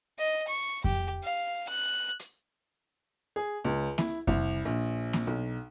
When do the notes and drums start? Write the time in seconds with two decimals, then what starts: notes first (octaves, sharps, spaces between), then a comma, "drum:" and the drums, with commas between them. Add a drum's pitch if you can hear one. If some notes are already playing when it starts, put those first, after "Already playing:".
0.18 D#5
0.48 C#6
0.84 G4, drum: kick F2
1.24 F5
1.68 F#6
2.19 drum: hi-hat
3.36 G#4
3.64 C#2
3.98 E4, drum: snare A#3
4.27 C2, drum: kick F2
4.65 A#1
5.13 drum: snare A#3
5.27 B1